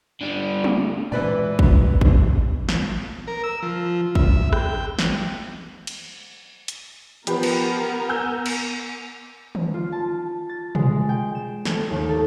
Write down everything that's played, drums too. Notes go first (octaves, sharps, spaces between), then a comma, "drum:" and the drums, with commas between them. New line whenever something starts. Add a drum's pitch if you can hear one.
D3 G3
drum: tom
A#2 E3 G#3 B4 D5
drum: kick
drum: kick
drum: snare
A#4
E6
F3
E5, drum: kick
G5, drum: rim click
drum: snare
drum: cymbal
drum: hi-hat
F3 B3 G4 A#4 B4, drum: hi-hat
drum: cymbal
G#5 E6 G6
drum: cymbal
drum: tom
F4
A5
A6
G#3, drum: tom
G5
E7
A3, drum: snare
D#2
A4